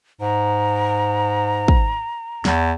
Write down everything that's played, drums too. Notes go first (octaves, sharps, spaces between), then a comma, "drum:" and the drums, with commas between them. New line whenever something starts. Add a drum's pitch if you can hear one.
G#2 A#5
drum: kick
E2, drum: snare